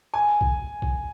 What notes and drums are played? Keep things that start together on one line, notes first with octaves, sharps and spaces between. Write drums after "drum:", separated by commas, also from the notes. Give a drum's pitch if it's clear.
G#5
drum: kick
drum: kick